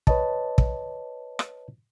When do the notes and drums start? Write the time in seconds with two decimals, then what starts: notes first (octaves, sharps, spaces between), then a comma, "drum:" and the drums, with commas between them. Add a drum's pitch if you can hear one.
0.07 B4 C#5 D#5 A5, drum: kick
0.58 drum: kick
1.39 drum: rim click